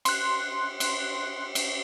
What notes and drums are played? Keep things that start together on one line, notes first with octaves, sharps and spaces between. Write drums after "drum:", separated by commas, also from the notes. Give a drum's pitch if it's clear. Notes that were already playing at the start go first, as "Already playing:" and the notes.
C6 F#6, drum: cymbal
drum: cymbal
drum: cymbal